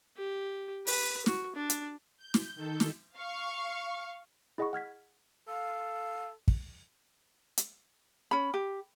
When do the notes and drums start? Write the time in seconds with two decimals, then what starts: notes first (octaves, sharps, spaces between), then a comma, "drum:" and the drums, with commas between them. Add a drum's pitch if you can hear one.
0.17 G4
0.87 B4, drum: open hi-hat
1.26 F#4, drum: snare
1.56 D4
1.70 drum: hi-hat
2.17 G6
2.34 drum: snare
2.55 D#3 A4 G6
2.80 drum: snare
3.17 F5 C#6
4.58 E4 G#4 D#5 F#5 B5 C#6
4.73 F#5 F6 G#6 B6
5.48 A4 F5
6.48 drum: kick
7.58 drum: hi-hat
8.31 C#4 B5
8.54 G4